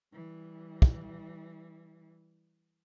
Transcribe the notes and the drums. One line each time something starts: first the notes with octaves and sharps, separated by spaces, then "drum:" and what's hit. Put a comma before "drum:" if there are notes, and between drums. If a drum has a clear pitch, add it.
E3 G3
drum: kick